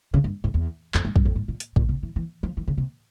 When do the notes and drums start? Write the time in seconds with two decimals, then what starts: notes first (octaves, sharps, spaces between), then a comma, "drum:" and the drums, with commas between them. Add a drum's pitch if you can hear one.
0.14 C#3
0.24 G2
0.44 G#2
0.54 E2
0.94 F2, drum: clap
1.05 G#2
1.16 G2, drum: kick
1.25 F2
1.35 G#2
1.48 A#2
1.60 drum: hi-hat
1.76 A#2, drum: kick
1.89 C3
2.03 E3
2.16 E3
2.43 F3
2.57 E3
2.68 C#3
2.77 C3